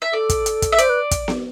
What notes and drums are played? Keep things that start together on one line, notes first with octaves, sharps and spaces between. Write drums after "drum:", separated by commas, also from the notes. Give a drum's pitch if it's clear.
E5
A4 D5
drum: kick, hi-hat
drum: hi-hat
drum: kick, hi-hat
E5
C5 D5, drum: hi-hat
B4
drum: kick, hi-hat
drum: snare B3